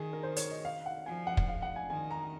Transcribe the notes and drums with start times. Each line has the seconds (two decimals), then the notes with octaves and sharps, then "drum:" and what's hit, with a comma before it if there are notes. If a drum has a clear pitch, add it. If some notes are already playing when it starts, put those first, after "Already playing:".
Already playing: D#3 G#4
0.13 A#4
0.23 C5
0.36 C#5, drum: hi-hat
0.51 D#5
0.65 F5
0.86 F#5
1.06 F3 G#5
1.27 F#5
1.37 drum: kick
1.48 F5
1.62 F#5
1.76 G#5
1.90 D#3 G#5
2.11 A#5